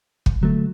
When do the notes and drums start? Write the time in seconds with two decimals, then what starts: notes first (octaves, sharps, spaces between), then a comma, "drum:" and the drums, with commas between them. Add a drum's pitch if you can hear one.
0.26 drum: kick
0.41 D3 F#3 A3